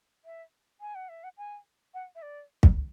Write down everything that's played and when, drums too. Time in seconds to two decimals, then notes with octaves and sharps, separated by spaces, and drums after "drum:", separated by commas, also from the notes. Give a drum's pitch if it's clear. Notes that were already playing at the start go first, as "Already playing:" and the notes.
0.25 E5
0.81 G#5
0.95 F#5
1.09 E5
1.24 F#5
1.38 G#5
1.94 F#5
2.15 E5
2.22 D5
2.63 drum: kick